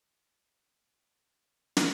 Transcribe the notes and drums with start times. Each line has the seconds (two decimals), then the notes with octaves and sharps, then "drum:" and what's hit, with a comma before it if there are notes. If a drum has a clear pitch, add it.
0.08 D#4
0.53 D#3 D5
1.77 drum: snare